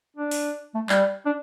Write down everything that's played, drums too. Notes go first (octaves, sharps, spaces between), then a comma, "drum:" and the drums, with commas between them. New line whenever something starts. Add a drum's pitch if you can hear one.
D4
drum: open hi-hat
A3
G3, drum: clap
D4